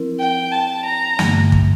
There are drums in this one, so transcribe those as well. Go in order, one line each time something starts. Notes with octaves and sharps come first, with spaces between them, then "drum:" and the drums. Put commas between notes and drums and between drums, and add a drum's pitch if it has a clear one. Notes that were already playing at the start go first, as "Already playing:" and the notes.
Already playing: F3 C4 E4 A#4
G5
A5
A#5
G2 D3 A3, drum: snare
drum: kick